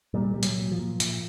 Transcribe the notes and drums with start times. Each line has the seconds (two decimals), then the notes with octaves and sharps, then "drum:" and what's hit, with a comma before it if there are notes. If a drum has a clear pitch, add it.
0.14 A#2 G3
0.34 A#2 G3
0.43 F#3, drum: hi-hat
0.57 A#2
0.72 F3
0.79 A#2
1.00 A#2, drum: hi-hat